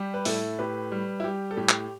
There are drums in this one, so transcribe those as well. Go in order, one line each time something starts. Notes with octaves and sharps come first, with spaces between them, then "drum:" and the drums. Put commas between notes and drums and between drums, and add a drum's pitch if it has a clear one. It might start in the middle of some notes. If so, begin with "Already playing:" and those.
Already playing: G3 G4
B4
A2 E4 A4, drum: open hi-hat
A2 G4 B4
G3
E4
G3 G4
A4
A2 G4
drum: clap